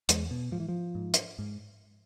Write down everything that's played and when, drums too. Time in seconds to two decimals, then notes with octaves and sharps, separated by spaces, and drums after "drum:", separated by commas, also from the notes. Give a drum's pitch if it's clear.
0.09 E2 G#3, drum: hi-hat
0.31 B2
0.51 G#2 F3
0.60 E3
0.68 F3
0.95 G#2
1.14 drum: hi-hat
1.39 G#2